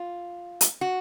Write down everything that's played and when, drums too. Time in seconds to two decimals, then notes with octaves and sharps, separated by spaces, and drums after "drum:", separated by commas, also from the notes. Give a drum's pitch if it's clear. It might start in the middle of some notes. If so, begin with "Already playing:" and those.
Already playing: F4
0.61 drum: hi-hat
0.81 F#4